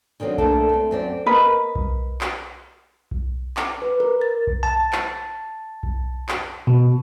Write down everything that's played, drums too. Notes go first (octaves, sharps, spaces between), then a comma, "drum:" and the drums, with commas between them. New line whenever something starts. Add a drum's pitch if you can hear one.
D3 D#3 F#3 C4
A3 A#3 D4 A4, drum: kick B1
A3 C4
F#2 C4 D5
A#4 B4 D#5
drum: kick B1
drum: clap
drum: kick B1
D6, drum: clap
B4
A#4
A6
drum: kick B1
A5
drum: clap
drum: kick B1
drum: clap
B2